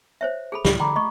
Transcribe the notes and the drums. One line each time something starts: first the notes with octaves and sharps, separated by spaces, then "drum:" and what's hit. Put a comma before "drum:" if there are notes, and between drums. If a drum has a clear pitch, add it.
C5 C#5 E5
G#4 A4 B5
C#2 A2 C#3 B5, drum: snare
D3 G5 A#5 B5 D6
A3 D#5 C#6